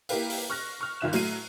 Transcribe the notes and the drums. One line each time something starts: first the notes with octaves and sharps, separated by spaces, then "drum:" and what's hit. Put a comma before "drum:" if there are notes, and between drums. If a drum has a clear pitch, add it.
A#3 E4 G4 A#4 B4 F5, drum: open hi-hat
drum: open hi-hat
C#6 F6 F#6 A#6
C#6 F6
G1 D#3 F4 E5 F#6 E7
A2 F#3 A3 C7 D#7, drum: open hi-hat